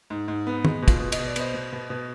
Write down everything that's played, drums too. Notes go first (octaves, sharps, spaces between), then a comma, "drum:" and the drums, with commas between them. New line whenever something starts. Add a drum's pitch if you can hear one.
G#2
G#2
B3
G#3, drum: tom
B2
F4, drum: kick, cymbal
B2
D#5, drum: cymbal
B2
D5
B3 C5 D#5, drum: cymbal
B2
B2
B2